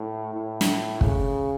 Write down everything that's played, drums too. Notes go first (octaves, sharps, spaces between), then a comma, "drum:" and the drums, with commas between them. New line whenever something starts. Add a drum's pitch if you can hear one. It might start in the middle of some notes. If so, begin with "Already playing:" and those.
Already playing: A2
A2
drum: snare
C#3, drum: kick